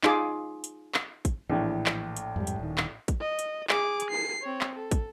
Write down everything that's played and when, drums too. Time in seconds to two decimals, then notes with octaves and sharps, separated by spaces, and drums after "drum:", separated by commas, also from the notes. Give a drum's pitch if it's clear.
0.03 D#4 F4 G#4 D6, drum: clap
0.64 drum: hi-hat
0.94 drum: clap
1.25 drum: kick, hi-hat
1.49 A#1 A2 E3
1.86 drum: clap
2.17 drum: hi-hat
2.36 F2 G#2 G3
2.47 drum: hi-hat
2.59 D#1 D#3
2.78 drum: clap
3.08 drum: kick, hi-hat
3.21 D#5
3.39 drum: hi-hat
3.69 G#4 D6, drum: clap
4.00 drum: hi-hat
4.11 C7
4.42 C4 C#5
4.61 drum: clap
4.76 A4
4.91 drum: kick, hi-hat